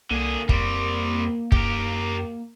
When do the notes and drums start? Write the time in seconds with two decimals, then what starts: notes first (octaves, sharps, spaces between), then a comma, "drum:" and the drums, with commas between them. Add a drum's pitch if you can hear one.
0.11 C2 D3 A#3 G#4
0.49 F2 G3 C4, drum: kick
1.52 F#2 G4 A#4, drum: kick